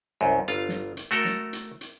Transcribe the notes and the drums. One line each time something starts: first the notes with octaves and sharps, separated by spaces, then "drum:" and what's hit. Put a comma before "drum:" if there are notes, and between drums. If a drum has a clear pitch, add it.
C2 F#2
G1 F4 F5
drum: snare
drum: hi-hat
A3 F#4 A4 A#4
drum: snare
drum: hi-hat
drum: hi-hat